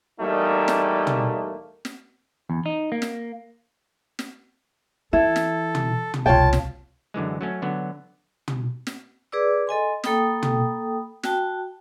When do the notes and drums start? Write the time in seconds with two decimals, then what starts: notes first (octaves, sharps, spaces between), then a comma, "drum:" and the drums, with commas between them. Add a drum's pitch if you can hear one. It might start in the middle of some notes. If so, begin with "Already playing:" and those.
0.20 E2 G3 A3 A#3 D#4
0.68 drum: snare
1.07 drum: tom
1.85 drum: snare
2.50 E2
2.66 D#4
2.92 A#3
3.02 drum: snare
4.19 drum: snare
5.13 E3 E4 A4
5.36 drum: snare
5.75 drum: tom
6.14 drum: tom
6.26 E1 C2 F4 C#5 G5 A5
6.53 drum: snare
7.14 F#2 D3 E3 G#3
7.41 F#3 A3 C#4
7.62 D3 F#3 B3
8.48 drum: tom
8.87 drum: snare
9.32 G#4 B4 D5 D6 E6
9.67 A4 D#5 G#5 C6
10.04 A#3 A4 G5 B5 D#6, drum: snare
10.43 drum: tom
11.23 F#4 G5 A5, drum: snare